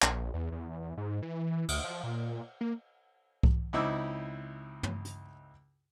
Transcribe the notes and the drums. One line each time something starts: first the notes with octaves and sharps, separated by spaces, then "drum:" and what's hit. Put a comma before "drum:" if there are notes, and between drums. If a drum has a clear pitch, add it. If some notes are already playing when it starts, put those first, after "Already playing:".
A#1, drum: clap
E2
E2
G#2
E3
D2, drum: cymbal
F3
A#2
A#3
drum: kick C2
C#2 C4 D#4 E4 D6 E6
drum: tom
drum: hi-hat